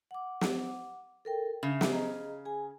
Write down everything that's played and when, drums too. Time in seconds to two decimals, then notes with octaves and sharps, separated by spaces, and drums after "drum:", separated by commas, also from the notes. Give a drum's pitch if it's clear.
0.11 F#5 D6
0.41 drum: snare
1.25 A4 A#4 G5
1.63 C#3 E5
1.81 drum: snare
1.92 G#4 D#5 A#5
2.45 G#4 G#5